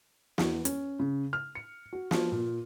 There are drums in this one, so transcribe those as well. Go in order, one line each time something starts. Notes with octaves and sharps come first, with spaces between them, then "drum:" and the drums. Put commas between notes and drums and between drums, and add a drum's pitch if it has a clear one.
E2, drum: snare
C#4, drum: hi-hat
C#3
F6
C#7
F#4
F3, drum: snare
A#2